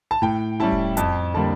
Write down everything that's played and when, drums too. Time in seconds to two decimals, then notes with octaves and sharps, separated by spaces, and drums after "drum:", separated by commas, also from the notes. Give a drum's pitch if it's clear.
0.11 A5
0.22 A2 G5
0.60 G3 C#4 E4 A5
0.72 drum: kick E1
0.97 F2 A5, drum: hi-hat
1.34 D3 G3 A#3 D4 A5